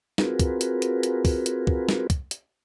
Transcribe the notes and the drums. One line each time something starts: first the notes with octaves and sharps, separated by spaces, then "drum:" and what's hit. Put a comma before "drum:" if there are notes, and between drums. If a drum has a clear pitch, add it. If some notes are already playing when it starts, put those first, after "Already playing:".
C4 F4 F#4 G#4 A#4 B4, drum: snare
drum: kick, hi-hat
drum: hi-hat
drum: hi-hat
drum: hi-hat
drum: kick, open hi-hat
drum: hi-hat
drum: kick
drum: snare
drum: kick, hi-hat
drum: hi-hat